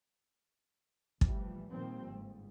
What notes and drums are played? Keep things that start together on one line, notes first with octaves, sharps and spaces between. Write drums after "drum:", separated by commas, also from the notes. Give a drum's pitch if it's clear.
A#1 E3 F3 G3 A3, drum: kick
A#2 D#3 F3 G3 A#3 C4
G1 G#2